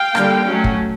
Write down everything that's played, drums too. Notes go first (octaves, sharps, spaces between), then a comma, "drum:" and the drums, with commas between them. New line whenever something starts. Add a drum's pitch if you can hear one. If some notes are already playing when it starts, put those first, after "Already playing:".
Already playing: F5 G5
D3 G3 A#3, drum: rim click
F#3 A3 C#4
drum: kick